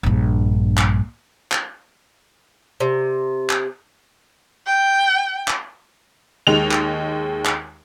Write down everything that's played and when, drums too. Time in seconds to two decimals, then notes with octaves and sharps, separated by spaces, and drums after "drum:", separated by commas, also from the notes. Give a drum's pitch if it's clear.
0.03 A#1 G2
0.78 drum: clap
1.52 drum: clap
2.80 C3
3.50 drum: clap
4.66 G5
5.48 drum: clap
6.47 D#2 G#3 F7
6.71 drum: clap
7.45 drum: clap